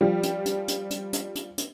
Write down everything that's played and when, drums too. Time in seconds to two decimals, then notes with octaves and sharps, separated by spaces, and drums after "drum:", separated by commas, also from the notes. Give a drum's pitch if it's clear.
0.01 F3 G3
0.23 drum: hi-hat
0.46 drum: hi-hat
0.68 drum: hi-hat
0.90 drum: hi-hat
1.13 drum: hi-hat
1.35 drum: hi-hat
1.58 drum: hi-hat